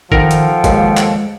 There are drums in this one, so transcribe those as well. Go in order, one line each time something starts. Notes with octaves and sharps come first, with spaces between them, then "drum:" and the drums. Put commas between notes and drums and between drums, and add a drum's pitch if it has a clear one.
D#3 F3 A4 A#4 F#5 G5, drum: kick G1
drum: hi-hat
D#2 G#3, drum: kick G1, hi-hat
drum: clap